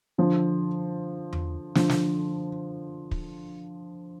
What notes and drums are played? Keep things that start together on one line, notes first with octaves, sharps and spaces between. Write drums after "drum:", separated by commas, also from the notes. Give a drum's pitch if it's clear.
D3 F3
drum: tom E2
D3 F3, drum: snare
drum: snare
drum: kick